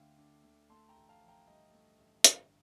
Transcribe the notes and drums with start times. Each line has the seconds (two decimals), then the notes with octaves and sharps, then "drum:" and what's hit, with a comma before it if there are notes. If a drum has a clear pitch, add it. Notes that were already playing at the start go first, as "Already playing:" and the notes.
Already playing: D2 D3 A3 F5 G5
0.18 D4
0.43 D2
0.70 A3 A5 C6
0.89 G5 A#5
0.96 A1
1.09 F5 A5
1.21 F3
1.28 G5 A#5
1.47 G2 D#5 G5
1.73 A3
1.99 A1
2.24 G1, drum: hi-hat